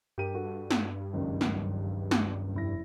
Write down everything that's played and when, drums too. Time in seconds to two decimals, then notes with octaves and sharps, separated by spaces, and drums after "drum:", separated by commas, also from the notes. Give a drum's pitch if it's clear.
0.18 G2 G4 A#4 D#7
0.35 F#4 A4
0.71 drum: snare
1.13 F#1 C#2 D#3
1.41 drum: snare
2.11 drum: snare
2.54 F1 E4 A#6